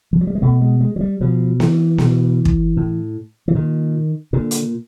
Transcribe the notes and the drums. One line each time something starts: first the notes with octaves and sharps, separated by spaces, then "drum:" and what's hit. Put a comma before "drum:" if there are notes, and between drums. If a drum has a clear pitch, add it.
F3
F#3
G3
G#3
B2 A3
G#3
G#3
F#3
G3
B2 F3
E3, drum: snare B3
B2, drum: snare B3
drum: kick
A2
E3
A#2 D#3
A#2 D3
drum: hi-hat